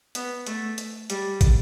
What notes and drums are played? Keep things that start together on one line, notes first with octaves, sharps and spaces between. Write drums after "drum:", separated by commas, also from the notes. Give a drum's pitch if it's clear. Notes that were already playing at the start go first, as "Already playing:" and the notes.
B3, drum: hi-hat
A3, drum: hi-hat
drum: hi-hat
G3, drum: hi-hat
drum: kick, hi-hat